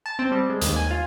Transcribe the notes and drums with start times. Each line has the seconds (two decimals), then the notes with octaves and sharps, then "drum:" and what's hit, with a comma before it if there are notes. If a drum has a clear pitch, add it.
0.06 A5
0.19 C4
0.31 G3
0.50 G#3
0.61 D#2, drum: hi-hat
0.76 G#5
0.90 F4